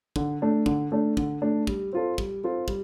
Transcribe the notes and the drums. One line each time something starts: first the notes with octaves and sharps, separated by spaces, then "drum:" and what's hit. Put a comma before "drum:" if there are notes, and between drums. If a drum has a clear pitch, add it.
D3, drum: kick
A3 D4
D3, drum: kick
A3 D4
D3, drum: kick
A3 D4
G3, drum: kick
C4 F4 A4
G3, drum: kick
C4 F4 A4
G3, drum: kick